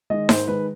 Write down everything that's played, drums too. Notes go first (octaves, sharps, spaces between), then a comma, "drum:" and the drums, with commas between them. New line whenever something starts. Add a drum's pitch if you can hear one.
D#3 G#3 D#5
G#2 C5, drum: snare D#4
D#3 G#3 B4